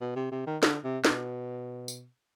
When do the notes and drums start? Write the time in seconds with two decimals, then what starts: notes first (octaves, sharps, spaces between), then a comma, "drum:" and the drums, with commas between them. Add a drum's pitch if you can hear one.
0.01 B2
0.16 C3
0.31 C3
0.46 D#3
0.63 D3, drum: snare
0.84 C3
1.05 B2, drum: snare
1.88 drum: tambourine